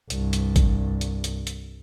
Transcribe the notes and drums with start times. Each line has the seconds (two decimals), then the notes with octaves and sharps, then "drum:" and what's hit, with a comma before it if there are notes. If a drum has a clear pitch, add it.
0.10 C2 G2, drum: hi-hat
0.33 drum: hi-hat
0.56 drum: kick, hi-hat
1.01 drum: hi-hat
1.24 drum: hi-hat
1.47 drum: hi-hat